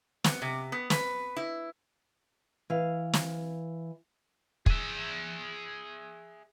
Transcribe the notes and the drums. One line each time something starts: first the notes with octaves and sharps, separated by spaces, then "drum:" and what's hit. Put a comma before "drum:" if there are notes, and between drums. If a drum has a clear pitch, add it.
B3, drum: snare
C3
B3
B4, drum: snare
E4
E3 F5
drum: snare
G#4 E5, drum: kick